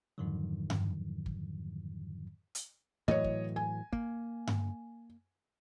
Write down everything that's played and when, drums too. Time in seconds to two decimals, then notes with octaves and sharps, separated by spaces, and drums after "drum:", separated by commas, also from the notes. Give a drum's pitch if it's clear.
0.18 F2 G#2 D3 D#3 F3 F#3
0.70 drum: tom G2
1.26 drum: kick
2.55 drum: hi-hat
3.08 A2 E3 F#3 C#5 D#5
3.24 drum: kick
3.56 G#5
3.93 A#3, drum: kick
4.47 drum: tom G2